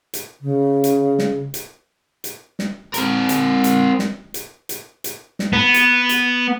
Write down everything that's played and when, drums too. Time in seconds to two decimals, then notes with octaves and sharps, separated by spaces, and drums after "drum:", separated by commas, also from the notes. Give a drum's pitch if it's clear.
0.14 drum: hi-hat
0.41 C#3
0.84 drum: hi-hat
1.19 drum: snare
1.54 drum: hi-hat
2.24 drum: hi-hat
2.59 drum: snare
2.94 C4 A#4, drum: hi-hat
3.29 drum: hi-hat
3.64 drum: hi-hat
3.99 drum: snare
4.34 drum: hi-hat
4.69 drum: hi-hat
5.04 drum: hi-hat
5.39 drum: snare
5.53 B3
5.74 drum: hi-hat
6.09 drum: hi-hat